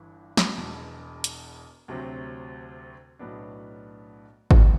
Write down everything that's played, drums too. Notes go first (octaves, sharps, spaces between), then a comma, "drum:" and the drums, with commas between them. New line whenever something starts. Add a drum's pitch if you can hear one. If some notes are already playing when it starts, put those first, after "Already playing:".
Already playing: G1 G2 E3
drum: snare
E1 E2 B2
drum: hi-hat
D2 C3 F#3 C4
B1 A2 F#3 B3 D4
A2 E3 G3 B3, drum: kick G#1